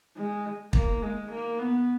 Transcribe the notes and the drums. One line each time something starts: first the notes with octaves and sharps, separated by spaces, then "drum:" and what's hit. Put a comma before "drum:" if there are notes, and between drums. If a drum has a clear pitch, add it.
G#3
A#3, drum: kick
G#3
A#3
B3